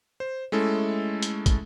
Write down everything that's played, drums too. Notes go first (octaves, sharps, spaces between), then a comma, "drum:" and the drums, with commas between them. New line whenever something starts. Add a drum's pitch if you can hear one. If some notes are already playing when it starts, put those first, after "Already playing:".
C5
G#3 A3 C#4 E4 A4
drum: hi-hat
drum: kick, hi-hat